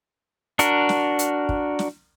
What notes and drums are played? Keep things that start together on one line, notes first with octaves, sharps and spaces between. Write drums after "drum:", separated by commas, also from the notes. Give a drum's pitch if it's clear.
D4 F#4 A#4, drum: hi-hat
drum: snare
drum: hi-hat
drum: kick
drum: snare